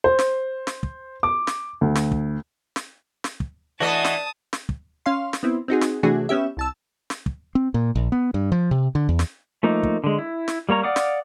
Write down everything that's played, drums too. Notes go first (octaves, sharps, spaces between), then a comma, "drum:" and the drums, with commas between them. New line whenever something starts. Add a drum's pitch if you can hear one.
C5
drum: snare
drum: snare
drum: kick
D6
drum: snare
D2
drum: snare
drum: kick
drum: snare
drum: snare
drum: kick
E3 A3 D4 F#4 D#5 F#5 A5 D#6
drum: snare
drum: snare
drum: kick
C#4 F5 C6
drum: snare
B3 C4 E4
C4 D#4 F#4 G#4
drum: snare
C3 E3 A3 D4 F#4 G#4
B3 C#4 G4 E5
C2 A5 E6
drum: snare
drum: kick
C4
A#2
A#1
B3
G2
F3
C3
D3
E2
drum: snare
F3 A3 A#3 D#4
drum: kick
D3 G#3
E4
drum: snare
G3 A#3 C#5 A#5
D5 F5 F#5 D6 D#6
drum: snare